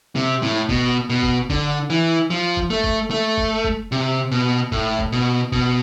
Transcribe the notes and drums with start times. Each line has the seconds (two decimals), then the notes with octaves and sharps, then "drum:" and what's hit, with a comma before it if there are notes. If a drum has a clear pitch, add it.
0.15 C3
0.42 A2
0.69 B2, drum: kick F1
1.10 B2
1.23 drum: kick F1
1.50 D3, drum: kick F1
1.90 E3
2.30 F3
2.57 drum: kick F1
2.70 A3
2.84 drum: kick F1
3.11 A3
3.38 drum: kick F1
3.64 drum: kick F1
3.92 C3
4.31 B2
4.72 A2, drum: kick F1
4.99 drum: kick F1
5.12 B2
5.52 B2, drum: kick F1